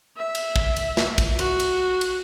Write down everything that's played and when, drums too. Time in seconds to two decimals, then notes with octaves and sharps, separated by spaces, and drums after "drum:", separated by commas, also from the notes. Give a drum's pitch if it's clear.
0.17 E5
0.35 drum: cymbal
0.56 drum: kick
0.76 drum: cymbal
0.97 drum: snare
1.18 drum: kick, cymbal
1.39 F#4, drum: cymbal
1.60 drum: cymbal
2.01 drum: cymbal